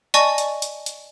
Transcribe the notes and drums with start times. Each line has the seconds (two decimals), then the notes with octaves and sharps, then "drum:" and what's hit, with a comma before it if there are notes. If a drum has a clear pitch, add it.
0.14 D5 D#5 G#5 A5 C#6, drum: hi-hat
0.38 drum: hi-hat
0.62 drum: hi-hat
0.86 drum: hi-hat